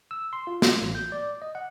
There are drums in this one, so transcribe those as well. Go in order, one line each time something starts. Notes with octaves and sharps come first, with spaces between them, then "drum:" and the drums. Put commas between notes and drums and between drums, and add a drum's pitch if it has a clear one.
E6
C6
F4
drum: snare
A1
G6
D5
D#5
F#5